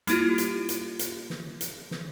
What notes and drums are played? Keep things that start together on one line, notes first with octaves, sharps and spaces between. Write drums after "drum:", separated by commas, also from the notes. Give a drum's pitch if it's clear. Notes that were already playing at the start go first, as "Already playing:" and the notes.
G3 A#3 E4 F4 G4, drum: hi-hat
drum: hi-hat
drum: hi-hat
drum: hi-hat
drum: snare
drum: hi-hat
drum: snare